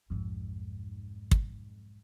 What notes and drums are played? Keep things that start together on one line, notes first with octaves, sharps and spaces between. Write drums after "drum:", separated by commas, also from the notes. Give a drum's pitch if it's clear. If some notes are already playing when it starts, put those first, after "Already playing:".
B1 F2 G#2
drum: kick